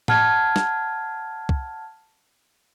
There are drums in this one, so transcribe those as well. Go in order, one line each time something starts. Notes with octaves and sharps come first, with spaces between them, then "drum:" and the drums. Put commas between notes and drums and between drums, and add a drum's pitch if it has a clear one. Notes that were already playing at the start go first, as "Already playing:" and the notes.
F#5 A5 F6 G#6, drum: tom A2
drum: snare
drum: kick